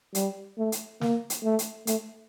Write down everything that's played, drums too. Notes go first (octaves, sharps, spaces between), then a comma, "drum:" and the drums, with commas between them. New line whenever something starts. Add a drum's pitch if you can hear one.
G3, drum: hi-hat
A3
drum: hi-hat
A#3, drum: snare
drum: hi-hat
A3
drum: hi-hat
A3, drum: hi-hat